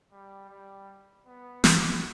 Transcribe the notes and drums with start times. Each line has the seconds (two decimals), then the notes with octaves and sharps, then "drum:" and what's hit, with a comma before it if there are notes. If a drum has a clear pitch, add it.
0.12 G3
0.50 G3
1.26 B3
1.64 F#4, drum: snare